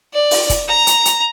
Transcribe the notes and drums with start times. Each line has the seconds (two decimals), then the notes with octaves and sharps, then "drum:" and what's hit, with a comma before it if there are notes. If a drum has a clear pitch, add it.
0.13 D5
0.31 drum: open hi-hat
0.49 drum: kick, hi-hat
0.68 A#5
0.87 drum: hi-hat
1.05 drum: hi-hat